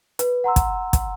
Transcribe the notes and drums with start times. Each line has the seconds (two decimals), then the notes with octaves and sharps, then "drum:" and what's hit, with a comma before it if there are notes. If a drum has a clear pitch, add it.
0.19 B4, drum: hi-hat
0.44 F#5 A#5 C6 E6
0.56 drum: kick, hi-hat
0.93 drum: kick, hi-hat